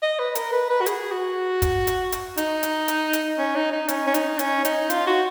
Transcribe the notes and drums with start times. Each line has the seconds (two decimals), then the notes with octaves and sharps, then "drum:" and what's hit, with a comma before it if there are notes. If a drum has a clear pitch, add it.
0.02 D#5
0.19 B4
0.35 A#4, drum: hi-hat
0.52 B4
0.70 B4
0.81 F#4
0.86 G#4, drum: hi-hat
1.12 F#4
1.62 drum: kick, hi-hat
1.87 drum: hi-hat
2.12 drum: hi-hat
2.37 D#4, drum: hi-hat
2.63 drum: hi-hat
2.88 drum: hi-hat
3.13 drum: hi-hat
3.38 C#4
3.56 D#4
3.72 D#4
3.88 C#4, drum: hi-hat
4.07 C#4
4.14 D#4, drum: hi-hat
4.39 C#4, drum: hi-hat
4.65 D#4, drum: hi-hat
4.90 F4, drum: hi-hat
5.07 F#4